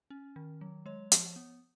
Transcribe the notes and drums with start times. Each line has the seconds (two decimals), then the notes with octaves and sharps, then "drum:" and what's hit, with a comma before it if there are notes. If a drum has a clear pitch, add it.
0.10 C#4
0.36 D#3
0.61 F#3
0.86 G#3 C#5
1.12 F3, drum: hi-hat
1.36 B3